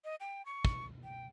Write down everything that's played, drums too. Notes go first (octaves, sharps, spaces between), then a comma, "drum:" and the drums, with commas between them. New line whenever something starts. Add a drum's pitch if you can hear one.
D#5
G5
C#6
drum: kick
G5